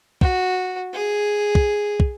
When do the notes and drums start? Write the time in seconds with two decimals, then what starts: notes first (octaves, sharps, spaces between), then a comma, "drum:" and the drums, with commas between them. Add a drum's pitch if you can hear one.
0.21 F#4, drum: kick
0.93 G#4
1.55 drum: kick
2.00 drum: kick